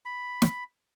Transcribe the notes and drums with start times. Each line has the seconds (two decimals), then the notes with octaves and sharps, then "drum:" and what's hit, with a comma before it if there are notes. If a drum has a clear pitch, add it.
0.05 B5
0.42 drum: snare